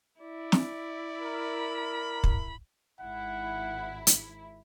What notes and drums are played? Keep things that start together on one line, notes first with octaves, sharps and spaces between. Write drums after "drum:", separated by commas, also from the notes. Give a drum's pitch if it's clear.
E4 D5
drum: snare
A#4 B5
drum: kick
G#1 E4 F#5
drum: hi-hat